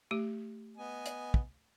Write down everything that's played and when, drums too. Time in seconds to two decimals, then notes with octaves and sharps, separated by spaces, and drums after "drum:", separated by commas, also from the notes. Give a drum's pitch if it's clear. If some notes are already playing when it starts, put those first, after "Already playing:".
0.11 A3 G4
0.77 B3 D#5 G#5
1.06 drum: hi-hat
1.34 drum: kick